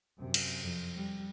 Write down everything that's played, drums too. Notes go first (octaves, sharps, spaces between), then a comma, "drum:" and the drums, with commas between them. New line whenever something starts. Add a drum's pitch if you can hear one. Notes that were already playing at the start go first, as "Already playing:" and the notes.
F#2 C3
drum: cymbal
F2
G3